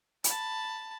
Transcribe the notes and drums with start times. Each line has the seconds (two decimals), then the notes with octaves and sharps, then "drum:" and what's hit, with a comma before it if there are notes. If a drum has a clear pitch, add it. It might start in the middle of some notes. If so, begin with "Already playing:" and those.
0.24 A5 B5, drum: hi-hat